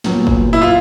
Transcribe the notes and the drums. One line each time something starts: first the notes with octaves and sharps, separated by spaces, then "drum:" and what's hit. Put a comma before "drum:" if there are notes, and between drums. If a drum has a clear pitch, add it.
A#2 F#3 B3, drum: snare
drum: kick
E4
F4